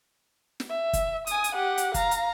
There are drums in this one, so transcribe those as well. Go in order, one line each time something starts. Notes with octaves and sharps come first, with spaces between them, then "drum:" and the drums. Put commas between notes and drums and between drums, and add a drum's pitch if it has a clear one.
drum: snare
E5
drum: kick, hi-hat
G#5 D#6, drum: hi-hat
drum: hi-hat
G4 F#5
drum: hi-hat
F5 A#5, drum: kick, hi-hat
drum: hi-hat